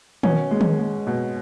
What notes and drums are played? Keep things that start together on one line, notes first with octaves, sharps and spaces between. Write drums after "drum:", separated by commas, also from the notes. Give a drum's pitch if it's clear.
B2 C#4, drum: tom D#3
G#3
drum: tom D#3
G#3
B2